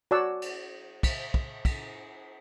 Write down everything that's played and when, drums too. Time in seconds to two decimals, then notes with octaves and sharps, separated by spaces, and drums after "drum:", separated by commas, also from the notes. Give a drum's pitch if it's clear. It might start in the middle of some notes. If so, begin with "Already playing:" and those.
0.11 F#4 C#5 D5 F#5 A5 E6
0.42 drum: cymbal
1.03 drum: kick, cymbal
1.34 drum: kick
1.65 drum: kick, cymbal